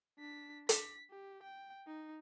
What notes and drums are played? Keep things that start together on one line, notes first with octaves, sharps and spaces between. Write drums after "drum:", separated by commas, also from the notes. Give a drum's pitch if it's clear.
D4 B6
B6, drum: hi-hat
G4
G5
D#4